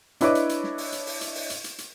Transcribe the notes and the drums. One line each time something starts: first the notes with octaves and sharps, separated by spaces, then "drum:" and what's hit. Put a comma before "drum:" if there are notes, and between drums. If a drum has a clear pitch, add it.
D4 E4 B4 C#5 D#5 D6, drum: hi-hat
drum: hi-hat
drum: hi-hat
drum: snare
drum: open hi-hat
drum: hi-hat
drum: open hi-hat
drum: hi-hat
drum: open hi-hat
drum: hi-hat
drum: hi-hat
drum: hi-hat